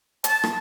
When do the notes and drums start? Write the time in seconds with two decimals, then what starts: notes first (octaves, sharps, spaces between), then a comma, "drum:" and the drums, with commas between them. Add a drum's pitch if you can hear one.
0.24 A5, drum: hi-hat
0.44 drum: rim click